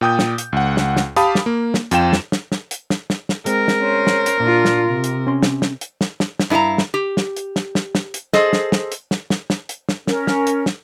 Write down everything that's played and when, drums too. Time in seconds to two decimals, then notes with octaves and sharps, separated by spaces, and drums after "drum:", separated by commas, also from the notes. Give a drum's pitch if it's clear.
0.01 A#2 G5 D#6 G6
0.19 drum: snare
0.38 drum: hi-hat
0.53 C#2 F#5
0.77 drum: snare
0.96 drum: snare
1.16 G4 F5 A5 B5 D#6, drum: hi-hat
1.35 drum: snare
1.46 A#3
1.74 drum: snare
1.91 F2 F4 G5 E7, drum: hi-hat
2.13 drum: snare
2.32 drum: snare
2.52 drum: snare
2.71 drum: hi-hat
2.90 drum: snare
3.10 drum: snare
3.29 drum: snare
3.46 G#3 C4 A#4, drum: hi-hat
3.68 drum: snare
3.80 C#4 C5
4.07 drum: snare
4.26 drum: hi-hat
4.40 A#2 D4 F4
4.65 drum: snare
4.88 C3
5.04 drum: hi-hat
5.27 C#4 C6
5.43 drum: snare
5.62 drum: snare
5.81 drum: hi-hat
6.01 drum: snare
6.20 drum: snare
6.40 drum: snare
6.50 G2 E4 G#4 F5 A#5
6.78 drum: snare
6.94 G4
7.17 drum: snare
7.36 drum: hi-hat
7.56 drum: snare
7.75 drum: snare
7.95 drum: snare
8.14 drum: hi-hat
8.33 G#4 A4 C5 D#5, drum: snare
8.53 drum: snare
8.72 drum: snare
8.92 drum: hi-hat
9.11 drum: snare
9.30 drum: snare
9.50 drum: snare
9.69 drum: hi-hat
9.89 drum: snare
10.07 C#4 A#4, drum: snare
10.27 drum: snare
10.47 drum: hi-hat
10.66 drum: snare